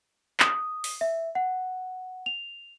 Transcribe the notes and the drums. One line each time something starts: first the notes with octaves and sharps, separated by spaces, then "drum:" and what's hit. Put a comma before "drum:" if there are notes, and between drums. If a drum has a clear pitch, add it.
D#6, drum: clap
drum: open hi-hat
E5
F#5
F7